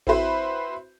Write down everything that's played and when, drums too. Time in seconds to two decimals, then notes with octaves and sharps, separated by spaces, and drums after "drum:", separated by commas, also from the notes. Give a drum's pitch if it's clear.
0.07 C4 E4 F#4 B4 C5, drum: kick A1